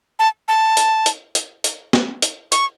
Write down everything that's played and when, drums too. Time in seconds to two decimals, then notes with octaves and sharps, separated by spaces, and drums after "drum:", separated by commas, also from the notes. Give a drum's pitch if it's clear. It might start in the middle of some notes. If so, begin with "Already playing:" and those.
0.19 A5
0.48 A5
0.77 drum: hi-hat
1.06 drum: hi-hat
1.35 drum: hi-hat
1.64 drum: hi-hat
1.93 drum: snare
2.22 drum: hi-hat
2.52 C#6, drum: hi-hat